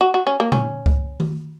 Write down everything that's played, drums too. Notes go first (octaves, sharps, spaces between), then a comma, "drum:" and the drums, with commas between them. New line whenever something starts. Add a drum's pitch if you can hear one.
F#4
F#4
C#4
A#3
C#4, drum: tom A#2
drum: kick C#2
drum: tom D#3